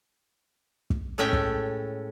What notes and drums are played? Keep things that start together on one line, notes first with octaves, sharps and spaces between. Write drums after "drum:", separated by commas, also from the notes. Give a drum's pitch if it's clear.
drum: kick
A2 G#3 A3 C#4 E5 G5
drum: kick